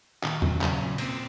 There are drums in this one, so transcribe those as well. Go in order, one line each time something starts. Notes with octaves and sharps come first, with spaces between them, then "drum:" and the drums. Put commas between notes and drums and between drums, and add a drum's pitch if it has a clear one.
A#2 D#3 D#4, drum: clap
F#3, drum: tom E2
C#3 F#3 C#4, drum: clap
A#2
A#2 C4, drum: cymbal